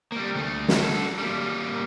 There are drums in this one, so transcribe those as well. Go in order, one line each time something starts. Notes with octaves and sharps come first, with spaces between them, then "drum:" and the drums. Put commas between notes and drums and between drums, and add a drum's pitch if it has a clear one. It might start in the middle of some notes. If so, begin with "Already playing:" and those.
G3 A#3
D2 A3
drum: snare
F#4 A4
G3 A#3